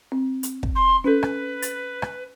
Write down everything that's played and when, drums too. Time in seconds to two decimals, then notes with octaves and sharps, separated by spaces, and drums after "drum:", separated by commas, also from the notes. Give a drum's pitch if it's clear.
0.12 C4
0.43 drum: hi-hat
0.63 drum: kick
0.75 C6
1.04 C#4 A4 B4
1.23 drum: rim click
1.62 A6, drum: hi-hat
2.02 drum: rim click